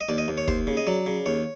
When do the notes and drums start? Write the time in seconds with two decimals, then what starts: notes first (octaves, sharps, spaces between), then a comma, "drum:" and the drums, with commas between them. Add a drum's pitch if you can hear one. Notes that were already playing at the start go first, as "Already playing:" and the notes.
0.01 D#5
0.08 D#2 D5
0.18 D#5
0.28 D#2
0.37 C#5
0.48 D#2 C5, drum: kick
0.67 C#3
0.77 D#5
0.87 F#3 D5
1.06 C#3
1.26 D#2 C#5